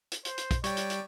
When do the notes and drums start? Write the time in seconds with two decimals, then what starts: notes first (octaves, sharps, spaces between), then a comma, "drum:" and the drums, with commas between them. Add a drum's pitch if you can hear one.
0.12 drum: hi-hat
0.25 C5, drum: hi-hat
0.38 drum: hi-hat
0.51 drum: kick, hi-hat
0.64 G3 C#5 D5 G5, drum: hi-hat
0.77 drum: hi-hat
0.90 drum: hi-hat